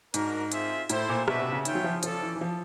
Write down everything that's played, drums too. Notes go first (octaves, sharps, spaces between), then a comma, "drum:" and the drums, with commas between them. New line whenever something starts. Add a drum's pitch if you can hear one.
G#2 D4 F#4 A#4, drum: hi-hat
C4 F4 G#4 C5 E5, drum: hi-hat
A2 E4 A4 C5, drum: hi-hat
A#2
B2 D4 F#4 B4 E5, drum: rim click
C3
C#3
D#3 F4 G#4 C#5 E5 G5, drum: hi-hat
F#3
F3
F3 C#4 F4 A4 D5, drum: hi-hat
E3
E3
F3